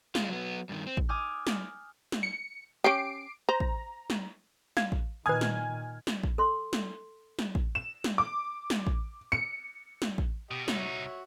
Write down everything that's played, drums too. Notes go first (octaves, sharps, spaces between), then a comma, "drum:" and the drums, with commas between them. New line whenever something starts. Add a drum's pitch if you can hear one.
G#3 F4, drum: snare
F#3 B3
G2 D#3
C4
drum: kick A1
G#5 D6 D#6 F6 G6
drum: snare
drum: snare
C#7
C#4 G4 D6 C7 D7
C5 A#5
drum: kick A1
drum: snare
F5 G#6, drum: snare
drum: kick A1
A#2 D#3 B4 G#5 D#6 F6 G#6
drum: snare
drum: snare
drum: kick A1
A4 C6
drum: snare
drum: snare
drum: kick A1
E7
drum: snare
D6
drum: snare
drum: kick A1
C#7
drum: snare
drum: kick A1
B2 G4 D#5
C2 D#4 F#4 C#5 E5, drum: snare